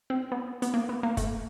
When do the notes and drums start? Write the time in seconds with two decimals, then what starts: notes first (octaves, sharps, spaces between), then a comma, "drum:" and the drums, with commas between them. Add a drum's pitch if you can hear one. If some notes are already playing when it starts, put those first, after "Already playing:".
0.10 C4
0.32 B3
0.62 B3, drum: hi-hat
0.74 A#3
0.89 B3
1.03 A#3
1.17 A3, drum: kick, hi-hat